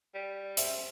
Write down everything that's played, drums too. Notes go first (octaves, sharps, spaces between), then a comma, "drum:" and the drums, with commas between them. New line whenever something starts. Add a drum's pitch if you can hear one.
G3
C5 E5, drum: hi-hat